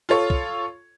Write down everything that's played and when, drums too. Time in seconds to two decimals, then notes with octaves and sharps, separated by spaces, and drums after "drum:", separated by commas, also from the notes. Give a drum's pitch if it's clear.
0.09 F4 A4 C#5
0.30 drum: kick